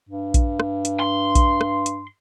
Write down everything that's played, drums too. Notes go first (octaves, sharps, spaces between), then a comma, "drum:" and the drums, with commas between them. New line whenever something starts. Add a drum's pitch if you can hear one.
G2
drum: kick A#1, hi-hat
drum: rim click
drum: hi-hat
C6
drum: kick A#1, hi-hat
drum: rim click
drum: hi-hat